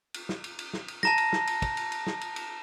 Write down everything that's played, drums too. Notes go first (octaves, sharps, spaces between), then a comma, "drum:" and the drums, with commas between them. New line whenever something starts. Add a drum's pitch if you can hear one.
drum: cymbal
drum: snare
drum: cymbal
drum: cymbal
drum: snare
drum: cymbal
A5 A#5 A#6, drum: snare
drum: cymbal
drum: snare
drum: cymbal
drum: kick, cymbal
drum: cymbal
drum: cymbal
drum: snare
drum: cymbal
drum: cymbal